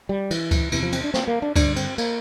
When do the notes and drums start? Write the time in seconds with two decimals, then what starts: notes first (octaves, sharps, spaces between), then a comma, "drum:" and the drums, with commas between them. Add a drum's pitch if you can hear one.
0.09 G3
0.31 E3, drum: cymbal
0.51 drum: kick C#2, cymbal
0.72 E2 C3 E3, drum: cymbal
0.83 F3
0.92 C4, drum: cymbal
1.04 D4
1.14 C4, drum: snare
1.28 A#3
1.42 D4
1.56 G2 D3 D4, drum: kick C#2, cymbal
1.76 C4, drum: cymbal
1.98 A#3, drum: cymbal